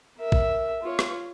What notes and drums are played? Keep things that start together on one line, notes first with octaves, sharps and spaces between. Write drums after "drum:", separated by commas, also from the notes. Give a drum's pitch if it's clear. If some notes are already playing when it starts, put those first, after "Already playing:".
A#4 E5
drum: kick A1
F4 C#5
drum: rim click